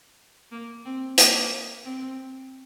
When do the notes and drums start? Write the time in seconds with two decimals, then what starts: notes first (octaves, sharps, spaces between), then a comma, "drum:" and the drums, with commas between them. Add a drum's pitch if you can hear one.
0.51 A#3
0.85 C4
1.18 A#3, drum: hi-hat
1.84 C4